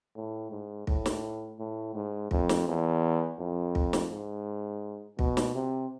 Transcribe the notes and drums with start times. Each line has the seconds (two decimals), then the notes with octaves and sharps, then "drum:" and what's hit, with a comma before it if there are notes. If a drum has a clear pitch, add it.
0.16 A2
0.52 G#2
0.87 A2, drum: kick
1.06 drum: snare
1.59 A2
1.95 G#2
2.31 F2, drum: kick
2.49 drum: snare
2.68 E2
3.40 F2
3.75 drum: kick
3.93 drum: snare
4.11 G#2
5.19 B2, drum: kick
5.37 drum: snare
5.55 C3